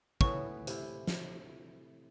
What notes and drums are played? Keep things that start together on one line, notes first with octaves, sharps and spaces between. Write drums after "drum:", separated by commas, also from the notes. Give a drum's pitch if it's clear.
A2 E3 B3 C#6, drum: kick
C3 E4, drum: hi-hat
drum: snare